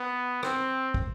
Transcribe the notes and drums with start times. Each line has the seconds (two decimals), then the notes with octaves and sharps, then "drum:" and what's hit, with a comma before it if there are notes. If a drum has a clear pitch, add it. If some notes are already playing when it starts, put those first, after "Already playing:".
Already playing: B3
0.43 C4, drum: rim click
0.94 drum: kick